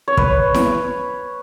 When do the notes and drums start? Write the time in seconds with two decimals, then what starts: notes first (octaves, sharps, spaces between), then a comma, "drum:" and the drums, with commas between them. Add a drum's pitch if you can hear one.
0.08 C#5
0.17 B4, drum: kick
0.54 drum: snare E4